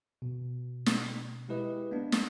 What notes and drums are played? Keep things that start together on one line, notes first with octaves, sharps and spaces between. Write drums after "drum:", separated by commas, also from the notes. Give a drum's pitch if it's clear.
B2
drum: snare
G#3 E4 G4 B4 D#5
A#3 B3 D4
drum: snare